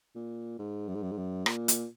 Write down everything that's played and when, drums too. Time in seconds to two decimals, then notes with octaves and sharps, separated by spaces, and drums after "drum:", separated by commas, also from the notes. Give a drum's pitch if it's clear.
0.15 A#2
0.59 G#2
0.88 F#2
0.95 G#2
1.03 F#2
1.11 G#2
1.18 F#2
1.46 A#2, drum: rim click
1.68 drum: hi-hat